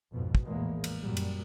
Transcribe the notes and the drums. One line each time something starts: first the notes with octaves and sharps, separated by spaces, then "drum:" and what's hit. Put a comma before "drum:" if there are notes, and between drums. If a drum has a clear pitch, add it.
B1 F2 G#2 B2
drum: kick
A#1 E2 A2 G#3 A#3
drum: cymbal
F#2 A#2 F#3 G3
drum: cymbal